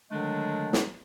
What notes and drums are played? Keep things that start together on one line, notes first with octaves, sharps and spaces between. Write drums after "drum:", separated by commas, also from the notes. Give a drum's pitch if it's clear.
D3 D#3 F#3 G#3 A3 D4
drum: snare